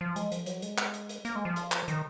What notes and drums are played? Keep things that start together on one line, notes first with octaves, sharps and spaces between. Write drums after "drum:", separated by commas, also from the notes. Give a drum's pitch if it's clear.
F3
G#3, drum: hi-hat
F3, drum: hi-hat
F#3, drum: hi-hat
G#3, drum: hi-hat
drum: clap
drum: hi-hat
drum: hi-hat
A#3, drum: hi-hat
G#3
F3
drum: hi-hat
drum: clap
D#3, drum: hi-hat